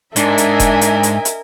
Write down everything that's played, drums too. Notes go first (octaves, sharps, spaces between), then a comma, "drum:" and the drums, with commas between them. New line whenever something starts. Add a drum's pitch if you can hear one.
G#2 D4 A#4 D#5 E5 G#5, drum: hi-hat
drum: hi-hat
drum: kick E1, hi-hat
drum: hi-hat
drum: hi-hat
drum: hi-hat